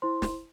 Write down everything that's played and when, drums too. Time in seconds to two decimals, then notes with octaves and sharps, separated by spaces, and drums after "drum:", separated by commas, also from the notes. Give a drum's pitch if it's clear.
0.02 E4 C5 C6
0.22 drum: snare